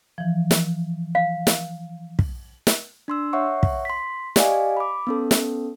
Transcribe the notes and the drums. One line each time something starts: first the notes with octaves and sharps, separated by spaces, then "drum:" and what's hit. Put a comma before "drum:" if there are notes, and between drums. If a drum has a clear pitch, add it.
E3 F3
drum: snare
F5
drum: snare
drum: kick
drum: snare
D4 C6 E6
C#5 E5 F#5 C#6
drum: kick
C6 B6
G4 D5 D#5 F5 G#5, drum: snare
B5 D6
B3 C#4 A4
drum: snare